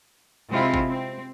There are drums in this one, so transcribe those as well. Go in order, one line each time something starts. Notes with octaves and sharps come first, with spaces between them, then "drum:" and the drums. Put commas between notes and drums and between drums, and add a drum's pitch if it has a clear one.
C3 G#3 C4 E4 F4
drum: kick G#1
C4